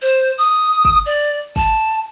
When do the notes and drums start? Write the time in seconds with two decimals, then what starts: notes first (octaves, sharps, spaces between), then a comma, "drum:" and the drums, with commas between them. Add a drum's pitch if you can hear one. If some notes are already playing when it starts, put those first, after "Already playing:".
0.02 C5
0.38 D#6
0.85 drum: kick
1.06 D5
1.56 A5, drum: kick